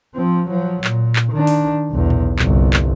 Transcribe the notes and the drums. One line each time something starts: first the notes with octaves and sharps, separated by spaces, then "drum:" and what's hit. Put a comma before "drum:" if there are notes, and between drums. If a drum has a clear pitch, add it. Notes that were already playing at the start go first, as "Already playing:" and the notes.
F3 C4
F3 F#3
A#2, drum: clap
drum: clap
D#3 D4
drum: open hi-hat
B1 E2
drum: tom A2
G1 C2, drum: clap
drum: clap